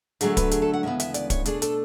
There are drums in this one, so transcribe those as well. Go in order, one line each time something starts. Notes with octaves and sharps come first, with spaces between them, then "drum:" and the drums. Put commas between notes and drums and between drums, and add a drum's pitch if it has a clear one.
D3 F#3 A3 G#4, drum: hi-hat
B4, drum: kick, hi-hat
G#4, drum: hi-hat
A4
F#5
D2 C#3 E3 G#3 B3 E5
E5, drum: hi-hat
D5, drum: hi-hat
C#5, drum: kick, hi-hat
B2 A3 D4 G#4, drum: hi-hat
A4, drum: hi-hat